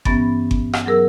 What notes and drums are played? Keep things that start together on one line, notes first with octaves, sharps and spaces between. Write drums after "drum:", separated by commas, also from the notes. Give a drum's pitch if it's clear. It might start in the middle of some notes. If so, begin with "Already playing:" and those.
G2 E3 B3 C#4 B5 A6, drum: kick G1
drum: kick G1
drum: rim click
F#3 G#4 A#4 E6